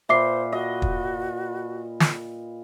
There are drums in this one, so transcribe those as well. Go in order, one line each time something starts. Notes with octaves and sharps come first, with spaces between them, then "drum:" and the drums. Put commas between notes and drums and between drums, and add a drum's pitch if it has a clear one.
A#2 B4 C5 E5 D6 C7
F#4 D#5
drum: kick
drum: snare